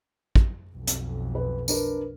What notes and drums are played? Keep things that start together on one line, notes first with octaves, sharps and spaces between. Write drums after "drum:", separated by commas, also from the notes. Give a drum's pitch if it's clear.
drum: kick
B1 F2
drum: hi-hat
B4
D4 A#4 B4, drum: tambourine